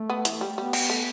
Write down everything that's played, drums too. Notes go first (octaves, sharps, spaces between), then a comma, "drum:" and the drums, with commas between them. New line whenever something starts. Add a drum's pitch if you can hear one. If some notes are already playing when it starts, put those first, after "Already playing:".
Already playing: A3
B3
E3, drum: hi-hat
G3
G3 B3
G3, drum: cymbal
A3